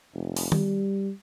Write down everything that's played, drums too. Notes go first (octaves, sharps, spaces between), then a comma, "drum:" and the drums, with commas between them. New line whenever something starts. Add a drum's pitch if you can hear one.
F1
drum: open hi-hat
G3, drum: tom